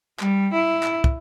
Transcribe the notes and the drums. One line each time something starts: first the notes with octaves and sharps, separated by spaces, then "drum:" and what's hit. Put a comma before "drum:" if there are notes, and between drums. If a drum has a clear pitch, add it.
G3, drum: clap
E4
drum: clap
drum: kick